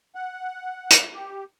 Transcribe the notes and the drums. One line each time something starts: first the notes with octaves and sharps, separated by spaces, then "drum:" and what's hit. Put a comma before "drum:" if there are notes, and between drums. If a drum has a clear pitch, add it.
F#5
drum: hi-hat
G4